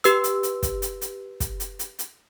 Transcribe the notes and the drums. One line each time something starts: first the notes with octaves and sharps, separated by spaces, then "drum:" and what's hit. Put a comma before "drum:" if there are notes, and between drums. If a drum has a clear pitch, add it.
G4 B4 E6, drum: hi-hat
drum: hi-hat
drum: hi-hat
drum: kick, hi-hat
drum: hi-hat
drum: hi-hat
drum: kick, hi-hat
drum: hi-hat
drum: hi-hat
drum: hi-hat